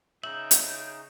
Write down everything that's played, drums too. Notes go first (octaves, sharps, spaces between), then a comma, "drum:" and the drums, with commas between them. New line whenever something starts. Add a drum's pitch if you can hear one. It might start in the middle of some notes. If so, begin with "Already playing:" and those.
C#3 D#4 E5 G6 F#7
drum: hi-hat